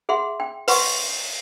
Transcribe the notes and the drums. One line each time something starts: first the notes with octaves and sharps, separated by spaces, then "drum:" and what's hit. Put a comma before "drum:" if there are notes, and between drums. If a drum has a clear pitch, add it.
G#4 E5 F#5 C6
G5
B4 F#5 C6 C#6, drum: open hi-hat